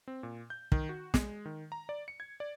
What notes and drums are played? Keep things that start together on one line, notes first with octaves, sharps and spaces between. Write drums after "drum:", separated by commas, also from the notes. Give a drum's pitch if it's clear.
C4
A#2
G6
D#3, drum: kick
F#4
G#3, drum: snare
D#3
A#5
D5
C#7
G#6
D5